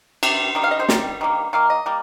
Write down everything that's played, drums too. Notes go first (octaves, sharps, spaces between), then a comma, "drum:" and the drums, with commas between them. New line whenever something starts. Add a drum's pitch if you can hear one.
C3 G3, drum: cymbal
D#3 G3
F5
D#5
C5
D#3 G3, drum: snare
D#3 G3 A#3
D#3 A#3 F5
D#5
G3 A#3